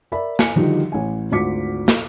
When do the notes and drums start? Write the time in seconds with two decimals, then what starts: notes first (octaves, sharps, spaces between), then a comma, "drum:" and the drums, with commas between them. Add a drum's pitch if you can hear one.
0.12 A#4 D5 E5 B5
0.39 G#5 C#7, drum: snare
0.56 D3 D#3 F3 G3 D#4 F#4
0.92 A1 G#5
1.31 G#1 D2 F4 D6 B6 C#7
1.88 drum: snare